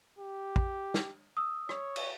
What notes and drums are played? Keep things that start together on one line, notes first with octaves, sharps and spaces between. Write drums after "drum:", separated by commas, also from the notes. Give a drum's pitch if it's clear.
G4
drum: kick
drum: snare
D#6 E6
C#5, drum: rim click
drum: cymbal